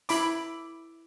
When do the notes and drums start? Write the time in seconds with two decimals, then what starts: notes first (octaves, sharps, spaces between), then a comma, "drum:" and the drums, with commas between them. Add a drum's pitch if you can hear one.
0.09 E4 B5 D6, drum: hi-hat